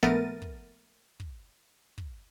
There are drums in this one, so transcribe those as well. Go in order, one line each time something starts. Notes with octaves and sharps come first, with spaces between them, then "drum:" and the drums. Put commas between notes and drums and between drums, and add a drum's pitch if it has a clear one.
A#1 A3 B3 A#4 A6 D#7
drum: kick
drum: kick
drum: kick